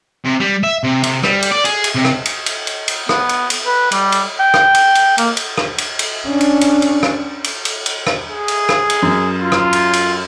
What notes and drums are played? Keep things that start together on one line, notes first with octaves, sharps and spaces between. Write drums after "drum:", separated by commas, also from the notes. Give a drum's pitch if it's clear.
C3
G3
E5
C3
C3, drum: cymbal
G3, drum: rim click
drum: cymbal
D5
G#4, drum: cymbal
drum: cymbal
C3
drum: rim click
drum: cymbal
drum: cymbal
drum: cymbal
drum: cymbal
B3, drum: rim click
drum: cymbal
drum: cymbal
B4
G3, drum: cymbal
drum: cymbal
G5
drum: rim click
drum: cymbal
drum: cymbal
A#3, drum: cymbal
drum: cymbal
drum: rim click
drum: cymbal
drum: cymbal
C#4 D4
drum: cymbal
drum: cymbal
drum: cymbal
drum: rim click
drum: cymbal
drum: cymbal
drum: cymbal
drum: rim click
G#4
drum: cymbal
drum: rim click
drum: cymbal
F#2
F4
drum: rim click
drum: cymbal
drum: cymbal